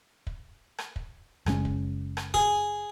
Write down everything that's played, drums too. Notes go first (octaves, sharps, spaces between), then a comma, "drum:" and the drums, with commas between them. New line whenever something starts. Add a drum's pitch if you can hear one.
drum: kick
drum: rim click
drum: kick
F#1 G#3 C#4, drum: rim click
drum: kick
drum: rim click
G#4, drum: kick